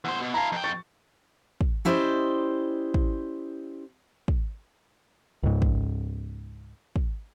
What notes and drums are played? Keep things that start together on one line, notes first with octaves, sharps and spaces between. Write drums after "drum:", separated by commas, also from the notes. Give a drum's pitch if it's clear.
E2 C5 F#5
B2
E4 F5 A5 A#5
F2 G5
C#6 A6
drum: kick
C#4 E4 G4 C5 D5 D#5
drum: kick
drum: kick
C#2 G#2
drum: kick
drum: kick